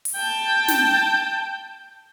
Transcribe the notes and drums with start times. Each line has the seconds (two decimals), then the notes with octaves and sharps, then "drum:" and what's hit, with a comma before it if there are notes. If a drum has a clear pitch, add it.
0.05 drum: open hi-hat
0.16 G5 A5
0.68 drum: snare